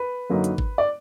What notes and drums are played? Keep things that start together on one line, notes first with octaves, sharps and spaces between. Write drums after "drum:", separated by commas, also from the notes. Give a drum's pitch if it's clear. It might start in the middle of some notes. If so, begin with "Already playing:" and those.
Already playing: B4
F#2 D3 F#3 A#3 D#4
drum: hi-hat
drum: kick G#1
D5